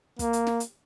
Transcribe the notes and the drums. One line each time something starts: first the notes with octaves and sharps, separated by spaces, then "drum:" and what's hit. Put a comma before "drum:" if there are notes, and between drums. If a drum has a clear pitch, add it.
A#3, drum: kick, hi-hat
drum: hi-hat
drum: snare
drum: hi-hat